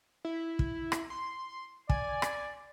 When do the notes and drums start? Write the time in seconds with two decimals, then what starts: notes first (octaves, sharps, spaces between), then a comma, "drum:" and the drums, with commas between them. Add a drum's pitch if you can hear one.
0.25 E4
0.59 drum: kick
0.92 drum: rim click
1.10 C6
1.90 D5 G#5, drum: kick
2.22 drum: rim click